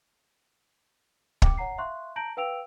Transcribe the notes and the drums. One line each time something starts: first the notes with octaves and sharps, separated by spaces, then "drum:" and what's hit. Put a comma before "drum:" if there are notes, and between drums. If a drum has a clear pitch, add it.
G5 D6 C#7, drum: kick
C#5 F#5 A#5 C7
E5 F5 C6 C#6 F#6
A5 A#5 G6 A#6 D7 F#7
B4 F5 G5 E6 D7 F7